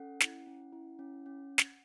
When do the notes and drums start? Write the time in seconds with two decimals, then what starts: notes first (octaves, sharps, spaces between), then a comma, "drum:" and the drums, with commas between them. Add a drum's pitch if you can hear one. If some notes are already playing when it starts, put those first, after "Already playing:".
Already playing: C#4 A4 F#5
0.21 E4, drum: snare
0.47 C#4
0.73 E4
0.99 C#4
1.26 C#4
1.58 drum: snare